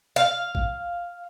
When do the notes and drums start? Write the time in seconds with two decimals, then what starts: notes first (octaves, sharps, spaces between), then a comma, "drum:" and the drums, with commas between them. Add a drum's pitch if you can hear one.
0.16 F5
0.55 drum: kick G#1